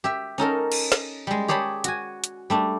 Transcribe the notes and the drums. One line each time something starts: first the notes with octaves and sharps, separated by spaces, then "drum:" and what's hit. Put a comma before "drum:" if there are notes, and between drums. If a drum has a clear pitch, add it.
G4 E5
C#4 D#4 A4 A#4
drum: cymbal
drum: snare
G3 G#3
G4 G#4 C#5 A5 B5
F#4 G#5, drum: hi-hat
drum: hi-hat
G3 A3 D4